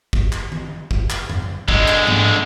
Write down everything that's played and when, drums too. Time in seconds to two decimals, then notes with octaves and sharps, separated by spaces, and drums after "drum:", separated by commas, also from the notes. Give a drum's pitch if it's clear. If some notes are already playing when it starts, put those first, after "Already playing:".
0.13 drum: kick
0.32 drum: clap
0.52 drum: tom D#3
0.91 drum: kick
1.10 drum: clap
1.30 drum: tom F2
1.68 D3 G#3, drum: kick
1.88 drum: clap
2.07 drum: tom G#2